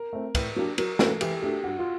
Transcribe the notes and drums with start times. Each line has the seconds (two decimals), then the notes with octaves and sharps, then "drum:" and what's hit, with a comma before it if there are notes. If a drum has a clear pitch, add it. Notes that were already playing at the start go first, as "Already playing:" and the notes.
Already playing: A#4
0.13 A3 C4
0.35 A2 B4, drum: kick, cymbal
0.56 F#3 A#3 D4 G4
0.78 F#3 A#4, drum: cymbal
0.99 A3 C#4 F#4 A4 B4, drum: snare
1.21 E3 G4, drum: cymbal
1.42 A3 D4 F#4 G4 A4
1.64 G2 F#4
1.79 F4